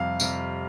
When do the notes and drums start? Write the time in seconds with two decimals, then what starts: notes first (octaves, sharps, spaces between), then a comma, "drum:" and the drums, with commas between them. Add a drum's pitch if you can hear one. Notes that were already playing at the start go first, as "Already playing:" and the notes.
Already playing: F2 C3 G3 F5
0.20 F2 C3 G3, drum: tambourine